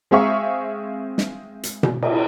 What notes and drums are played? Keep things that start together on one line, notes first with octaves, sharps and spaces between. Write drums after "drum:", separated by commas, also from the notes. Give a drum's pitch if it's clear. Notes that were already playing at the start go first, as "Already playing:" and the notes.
G#3 C4 G#4 E5 F5 C#6
drum: snare
drum: hi-hat
drum: tom B2
drum: cymbal